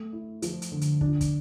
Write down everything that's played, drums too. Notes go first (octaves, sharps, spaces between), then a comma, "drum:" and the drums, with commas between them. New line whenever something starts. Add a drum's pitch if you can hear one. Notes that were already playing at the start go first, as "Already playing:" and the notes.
Already playing: A3
E4
F3, drum: hi-hat
drum: hi-hat
D3
drum: hi-hat
D4, drum: kick
drum: kick, hi-hat